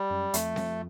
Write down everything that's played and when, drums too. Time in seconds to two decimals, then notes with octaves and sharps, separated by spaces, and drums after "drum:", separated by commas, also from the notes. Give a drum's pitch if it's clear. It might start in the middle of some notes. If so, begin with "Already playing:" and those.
Already playing: G3
0.10 F#2
0.34 F2 A3, drum: hi-hat
0.56 drum: snare C4